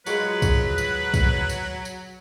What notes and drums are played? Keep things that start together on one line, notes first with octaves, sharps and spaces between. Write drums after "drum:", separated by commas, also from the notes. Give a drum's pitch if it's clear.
F#3 G#3 F4 F#4 B4, drum: tambourine
drum: kick, tambourine
drum: tambourine
drum: kick, tambourine
drum: tambourine
drum: tambourine